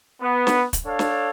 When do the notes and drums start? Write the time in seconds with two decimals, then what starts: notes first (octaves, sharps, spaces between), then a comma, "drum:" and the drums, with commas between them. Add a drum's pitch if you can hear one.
0.21 B3
0.47 drum: snare
0.73 drum: kick, hi-hat
0.86 D4 A4 C#5 F5
0.99 drum: snare